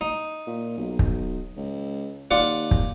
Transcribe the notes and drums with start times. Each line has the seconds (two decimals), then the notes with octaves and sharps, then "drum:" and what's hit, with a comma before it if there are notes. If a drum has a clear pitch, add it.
0.01 D#4
0.47 A#2
0.78 B1
0.99 drum: kick
1.57 C#2
2.31 D#2 F4 D5 F#5
2.71 drum: kick